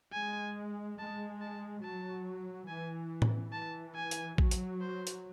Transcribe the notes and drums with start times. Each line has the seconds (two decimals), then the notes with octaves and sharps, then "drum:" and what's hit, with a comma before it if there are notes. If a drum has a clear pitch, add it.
0.13 G#3 G#5
0.98 G#3 A5
1.41 A5
1.83 F#3 A5
2.68 E3 G#5
3.22 drum: tom A2
3.53 E3 A5
3.95 G#5
4.11 drum: hi-hat
4.38 F#3, drum: kick A#1
4.51 drum: hi-hat
4.81 C5
5.07 drum: hi-hat